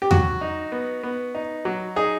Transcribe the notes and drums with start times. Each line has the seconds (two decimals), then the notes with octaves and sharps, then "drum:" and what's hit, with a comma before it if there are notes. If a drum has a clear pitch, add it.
0.02 G4
0.11 F#3 F#4, drum: tom E2
0.41 D#4
0.72 B3
1.03 B3
1.35 D#4
1.65 F#3
1.96 D#4 G#4